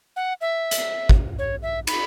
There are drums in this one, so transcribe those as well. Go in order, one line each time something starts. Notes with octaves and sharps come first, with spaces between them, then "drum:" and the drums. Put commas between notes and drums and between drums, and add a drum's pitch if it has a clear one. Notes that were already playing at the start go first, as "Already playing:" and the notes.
F#5
E5
drum: hi-hat
drum: kick
C#5
E5
B5, drum: cymbal